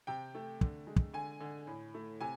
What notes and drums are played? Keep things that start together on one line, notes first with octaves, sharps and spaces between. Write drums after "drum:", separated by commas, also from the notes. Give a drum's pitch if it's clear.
C3 G5
A3
D3, drum: kick
G#3
drum: kick
D3 G#5
D3
A2
A3
C3 G#5